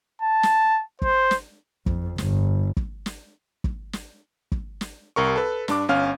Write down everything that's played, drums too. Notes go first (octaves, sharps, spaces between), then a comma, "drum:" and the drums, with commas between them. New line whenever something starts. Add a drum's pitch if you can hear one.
A5
drum: snare
C5, drum: kick
drum: snare
F2, drum: kick
G1, drum: snare
drum: kick
drum: snare
drum: kick
drum: snare
drum: kick
drum: snare
C2 A#4 C#6
A4 B4
G2 D4 D6, drum: snare
G1 C#4 F5 F6